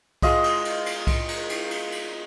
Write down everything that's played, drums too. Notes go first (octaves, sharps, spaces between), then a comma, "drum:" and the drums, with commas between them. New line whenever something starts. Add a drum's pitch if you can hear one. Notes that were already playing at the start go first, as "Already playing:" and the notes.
G#3 F4 D#5 C6, drum: kick B1, cymbal
drum: cymbal
drum: cymbal
drum: cymbal
drum: kick B1, cymbal
drum: cymbal
drum: cymbal
drum: cymbal
drum: cymbal